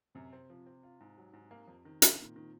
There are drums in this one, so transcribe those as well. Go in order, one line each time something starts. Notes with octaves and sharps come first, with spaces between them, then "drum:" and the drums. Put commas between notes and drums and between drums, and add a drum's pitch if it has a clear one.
F#2 C3
C4
F3
C4
F4
G#2
F#3
G#2
A#3
F2
D#3
D#3, drum: hi-hat
A#2 D#3
D#3